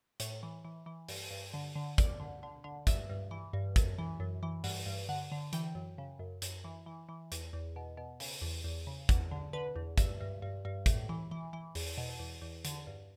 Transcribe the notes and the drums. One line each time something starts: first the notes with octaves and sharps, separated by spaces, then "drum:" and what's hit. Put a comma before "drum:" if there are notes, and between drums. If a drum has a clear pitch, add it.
A2 C#5, drum: hi-hat
E3
E3
E3
G2, drum: open hi-hat
G2
D3
D3
F#2 D5, drum: kick, hi-hat
D3
D3
D3
G2 E5, drum: kick, hi-hat
G2
E3
G2
F#2, drum: kick, hi-hat
E3
F#2
E3
G2 F#5, drum: open hi-hat
G2
D3 F#5
D3
E3 G5, drum: hi-hat
F#2
C#3
F#2
F#2, drum: hi-hat
E3
E3
E3
E2, drum: hi-hat
E2
B2
B2
C#3, drum: open hi-hat
E2
E2
C#3
E2 F#5, drum: kick, hi-hat
D3
D3 B4
E2
G2 E5, drum: kick, hi-hat
G2
G2
G2
A2, drum: kick, hi-hat
E3
E3
E3
E2, drum: open hi-hat
B2
E2
E2
D3, drum: hi-hat
G2